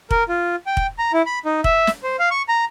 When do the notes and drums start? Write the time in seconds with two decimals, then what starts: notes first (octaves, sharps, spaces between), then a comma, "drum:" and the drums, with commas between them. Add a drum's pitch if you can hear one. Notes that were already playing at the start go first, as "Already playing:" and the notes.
0.11 A#4, drum: kick
0.29 F4
0.66 G5
0.77 drum: kick
0.98 A#5
1.13 E4
1.26 B5
1.45 D#4
1.64 E5, drum: kick
1.87 drum: snare
2.03 C5
2.19 F5
2.31 C#6
2.49 A#5